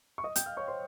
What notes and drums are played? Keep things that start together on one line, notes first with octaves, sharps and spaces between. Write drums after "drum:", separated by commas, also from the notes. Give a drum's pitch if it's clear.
C#6
D#5 D#6
G5 G6, drum: hi-hat
F5 F6
C#5 C#6
C5 C6